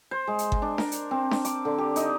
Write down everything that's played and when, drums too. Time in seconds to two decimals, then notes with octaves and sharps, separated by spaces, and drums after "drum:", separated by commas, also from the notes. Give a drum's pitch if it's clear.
0.11 C5
0.27 G#3
0.39 drum: hi-hat
0.52 drum: kick G1
0.62 D4
0.78 A#4, drum: snare D4
0.92 drum: hi-hat
1.11 C4
1.31 drum: snare D4
1.45 D6, drum: hi-hat
1.65 D3
1.78 G4
1.96 D#4, drum: hi-hat